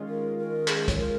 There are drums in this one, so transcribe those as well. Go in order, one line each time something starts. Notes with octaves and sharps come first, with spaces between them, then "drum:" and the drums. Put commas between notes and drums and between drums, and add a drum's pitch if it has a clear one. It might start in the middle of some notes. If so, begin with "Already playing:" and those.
Already playing: D#3 G#3 C#4 F4
A#4
A#4
G#4, drum: clap
C#5, drum: kick, hi-hat
A#4